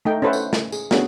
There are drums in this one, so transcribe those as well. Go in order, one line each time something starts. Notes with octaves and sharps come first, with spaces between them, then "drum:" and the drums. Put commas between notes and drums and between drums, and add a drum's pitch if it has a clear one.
A3 D#4 G5
C#4 E4 A4 B4 C5 F#5
drum: tambourine
drum: snare
G#4, drum: tambourine
B3 C#4 D4 F#4 G#4, drum: snare